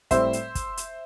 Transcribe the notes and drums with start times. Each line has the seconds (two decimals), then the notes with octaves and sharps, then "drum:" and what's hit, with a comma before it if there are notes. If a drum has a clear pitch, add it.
0.11 A2 G3 C4 C5 E5, drum: kick, hi-hat
0.33 drum: hi-hat
0.55 drum: kick, hi-hat
0.77 drum: hi-hat